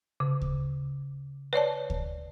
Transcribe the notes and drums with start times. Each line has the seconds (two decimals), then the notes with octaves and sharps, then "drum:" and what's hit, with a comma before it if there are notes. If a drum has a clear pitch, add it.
0.20 C#3
0.41 drum: kick D2
1.53 B4 C#5 D5 A5
1.90 drum: kick D2